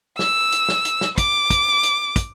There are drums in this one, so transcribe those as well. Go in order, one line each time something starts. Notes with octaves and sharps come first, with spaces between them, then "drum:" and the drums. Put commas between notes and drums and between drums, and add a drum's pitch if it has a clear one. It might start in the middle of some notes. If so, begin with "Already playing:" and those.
E6, drum: snare
drum: hi-hat
drum: snare
drum: hi-hat
drum: snare
D6, drum: kick, hi-hat
drum: kick, hi-hat
drum: hi-hat
drum: kick, hi-hat